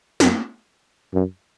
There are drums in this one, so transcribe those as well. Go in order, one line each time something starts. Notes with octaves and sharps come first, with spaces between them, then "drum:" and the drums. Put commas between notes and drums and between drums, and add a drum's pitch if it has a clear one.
F#2, drum: snare
F#2